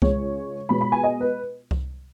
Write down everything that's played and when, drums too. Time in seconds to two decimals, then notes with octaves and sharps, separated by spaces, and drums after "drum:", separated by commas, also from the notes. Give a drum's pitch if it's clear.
0.02 C#2 C#3 G#3 C#5, drum: kick C2
0.69 B2 G#3 B3 B5
0.81 B5
0.92 G#5
1.04 D#5
1.21 B4
1.71 drum: kick C2